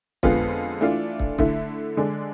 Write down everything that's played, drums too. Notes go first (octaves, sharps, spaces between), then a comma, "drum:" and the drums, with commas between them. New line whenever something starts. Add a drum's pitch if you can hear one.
F2 D3 G#3 B3 F4, drum: kick
E3 A3 D4 F4
drum: kick
D3 A3 E4, drum: kick
D3 G#3 D4